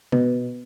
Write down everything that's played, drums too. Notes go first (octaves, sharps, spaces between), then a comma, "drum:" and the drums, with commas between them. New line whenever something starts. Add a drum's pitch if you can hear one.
B2, drum: tom C3